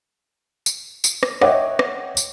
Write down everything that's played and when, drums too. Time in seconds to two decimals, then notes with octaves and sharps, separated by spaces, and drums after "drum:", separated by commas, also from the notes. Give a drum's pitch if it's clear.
0.66 drum: tambourine
1.04 drum: tambourine
1.23 drum: rim click
1.42 C#5 D#5 E5 F#5 G5 D6, drum: rim click
1.79 drum: rim click
2.17 drum: tambourine